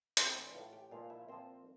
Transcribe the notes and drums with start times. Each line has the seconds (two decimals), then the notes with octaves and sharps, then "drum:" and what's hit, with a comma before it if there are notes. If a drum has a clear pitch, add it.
0.17 A2 E3 C4 C5, drum: hi-hat
0.35 D4 D5
0.54 A2 E3 F4 F5
0.72 G4 G5
0.91 A#2 F3 F4 F5
1.04 F5
1.10 E4 E5
1.28 A#2 F3 C4 C5